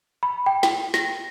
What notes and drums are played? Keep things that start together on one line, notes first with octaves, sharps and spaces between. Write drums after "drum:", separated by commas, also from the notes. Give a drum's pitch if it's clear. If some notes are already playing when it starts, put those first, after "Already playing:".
B5
G5
G5, drum: snare
A#6, drum: snare